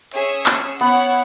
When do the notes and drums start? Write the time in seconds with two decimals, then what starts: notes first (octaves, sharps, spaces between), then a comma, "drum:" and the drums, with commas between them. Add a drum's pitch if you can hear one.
0.12 C#4 G#4 C#5 E5, drum: hi-hat
0.29 drum: open hi-hat
0.46 drum: clap
0.80 B3 E4 C#5 F#5, drum: hi-hat
0.98 drum: hi-hat